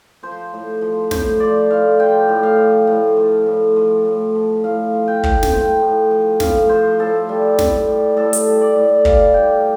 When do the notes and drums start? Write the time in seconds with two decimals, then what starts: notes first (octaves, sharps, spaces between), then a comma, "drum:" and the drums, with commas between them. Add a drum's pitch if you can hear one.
0.23 F3 C5
0.53 A2
0.81 F3
1.11 A2 C5, drum: snare
1.40 F3 D5
1.70 A2 F5
1.99 F3 G5
2.29 A2
2.43 F5
2.58 F3
2.87 A2
3.17 F3
3.46 A2
3.76 F3
4.05 A2
4.35 F3
4.64 A2 F5
4.94 F3
5.08 G5
5.23 A2, drum: kick
5.43 drum: snare
5.52 F3 G5
5.81 A2
6.11 F3
6.40 A2 F5, drum: snare
6.69 F3 C5
6.99 A2 A4
7.29 G3
7.59 A2, drum: snare
7.88 G3
8.16 A2 A4
8.33 drum: hi-hat
8.46 G3
8.61 D5
8.75 A2
9.05 G3 F5, drum: kick
9.34 A2 G5